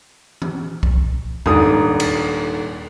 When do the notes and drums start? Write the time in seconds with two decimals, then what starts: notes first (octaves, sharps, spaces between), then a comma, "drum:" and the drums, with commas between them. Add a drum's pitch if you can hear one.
0.42 drum: tom E3
0.83 drum: kick C2
1.46 D#1 G#2 D4 A#5 D#6, drum: tom E2
2.00 drum: cymbal